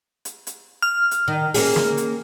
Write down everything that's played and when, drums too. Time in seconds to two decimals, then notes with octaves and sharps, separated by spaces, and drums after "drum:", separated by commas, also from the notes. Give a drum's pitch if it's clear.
0.25 drum: hi-hat
0.47 drum: hi-hat
0.82 F6
1.11 drum: hi-hat
1.28 D#3
1.54 A#3 C#4 G#4, drum: open hi-hat
1.76 drum: snare
1.97 drum: hi-hat